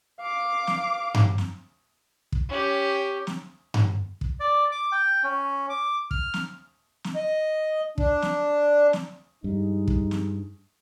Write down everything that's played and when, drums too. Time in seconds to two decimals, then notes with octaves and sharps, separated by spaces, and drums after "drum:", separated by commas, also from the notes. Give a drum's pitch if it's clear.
0.20 F5 D6
0.67 drum: snare
1.14 drum: tom G2
1.38 drum: snare
2.32 drum: kick
2.49 C#4 G4
3.27 drum: snare
3.74 drum: tom G2
4.21 drum: kick
4.40 D5
4.72 D6
4.92 G5
5.23 C#4
5.69 D6
6.11 F6, drum: kick
6.34 drum: snare
7.04 drum: snare
7.16 D#5
7.98 D4, drum: kick
8.22 drum: snare
8.93 drum: snare
9.44 G2 G3 G#3 D#4
9.88 drum: kick
10.11 drum: snare